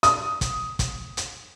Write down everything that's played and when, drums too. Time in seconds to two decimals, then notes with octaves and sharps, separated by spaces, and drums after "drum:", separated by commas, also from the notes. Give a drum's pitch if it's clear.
0.03 D#6, drum: hi-hat
0.41 drum: kick, hi-hat
0.79 drum: kick, hi-hat
1.17 drum: hi-hat